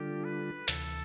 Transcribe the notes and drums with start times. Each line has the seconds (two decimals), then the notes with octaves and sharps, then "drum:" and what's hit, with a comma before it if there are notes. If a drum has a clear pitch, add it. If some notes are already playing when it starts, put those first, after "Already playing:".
Already playing: D3 G3 D4 F4 G4 A4
0.24 B4
0.68 D2 C3 E3 A4, drum: hi-hat